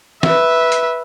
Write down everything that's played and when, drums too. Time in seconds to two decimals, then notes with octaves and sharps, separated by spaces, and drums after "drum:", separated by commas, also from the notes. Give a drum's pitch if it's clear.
0.23 B4 E5, drum: snare
0.72 drum: hi-hat